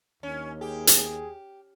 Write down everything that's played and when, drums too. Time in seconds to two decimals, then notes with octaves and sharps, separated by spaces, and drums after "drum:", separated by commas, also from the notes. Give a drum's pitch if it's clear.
0.23 D#2 C#4
0.61 G4 G#4
0.87 drum: hi-hat